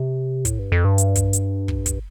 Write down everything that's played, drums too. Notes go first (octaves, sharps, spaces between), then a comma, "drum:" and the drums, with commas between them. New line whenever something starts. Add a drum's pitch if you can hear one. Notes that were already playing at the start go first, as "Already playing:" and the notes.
Already playing: C3
A2, drum: kick, hi-hat
G2
F2
G2
drum: hi-hat
drum: kick, hi-hat
drum: hi-hat
drum: kick
drum: kick, hi-hat